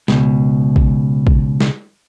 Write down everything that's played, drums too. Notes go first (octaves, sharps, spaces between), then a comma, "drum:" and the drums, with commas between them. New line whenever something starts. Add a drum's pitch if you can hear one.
C#2 B2, drum: snare
drum: kick
drum: kick
drum: snare